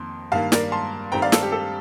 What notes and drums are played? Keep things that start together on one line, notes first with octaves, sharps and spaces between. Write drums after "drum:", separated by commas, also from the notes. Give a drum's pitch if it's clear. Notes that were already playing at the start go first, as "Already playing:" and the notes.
Already playing: F2 D#3 A#3 C6
G2 D#3 A#3 F5 A5
A#4 D5, drum: snare
A5 C6
G2 D#3 A3 C4 G5 A#5
D5 F5
A4, drum: snare
G4
A4